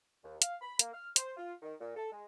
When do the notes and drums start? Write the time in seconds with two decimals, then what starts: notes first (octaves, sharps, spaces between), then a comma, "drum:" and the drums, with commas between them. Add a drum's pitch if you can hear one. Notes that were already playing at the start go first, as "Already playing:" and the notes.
0.23 D#2
0.42 F5, drum: hi-hat
0.62 B5
0.79 A#3, drum: hi-hat
0.94 F6
1.16 C5, drum: hi-hat
1.37 F4
1.62 D#3
1.80 A#2
1.96 A4
2.12 G#3